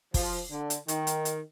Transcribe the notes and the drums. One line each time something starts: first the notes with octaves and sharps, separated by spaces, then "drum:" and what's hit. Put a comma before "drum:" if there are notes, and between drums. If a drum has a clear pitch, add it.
F3, drum: kick, open hi-hat
D3
drum: hi-hat
D#3, drum: hi-hat
drum: hi-hat
drum: hi-hat